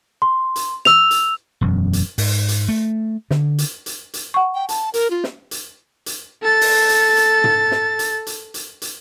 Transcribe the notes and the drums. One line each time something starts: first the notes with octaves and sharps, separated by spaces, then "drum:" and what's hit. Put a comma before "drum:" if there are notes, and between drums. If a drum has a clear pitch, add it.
C6
drum: hi-hat
E6 F7, drum: snare
drum: hi-hat
E1 F#2
drum: hi-hat
G#2, drum: open hi-hat
drum: hi-hat
A3
D3, drum: snare
drum: hi-hat
drum: hi-hat
drum: hi-hat
F#5 C#6
G5
A5, drum: hi-hat
A#4, drum: hi-hat
F4
drum: snare
drum: hi-hat
drum: hi-hat
A4 A6
drum: open hi-hat
drum: hi-hat
drum: hi-hat
drum: tom
drum: snare
drum: hi-hat
drum: hi-hat
drum: hi-hat
drum: hi-hat